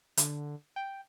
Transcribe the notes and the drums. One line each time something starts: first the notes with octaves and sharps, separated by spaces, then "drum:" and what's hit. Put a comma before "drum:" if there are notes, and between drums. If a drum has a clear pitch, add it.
D3, drum: hi-hat
G5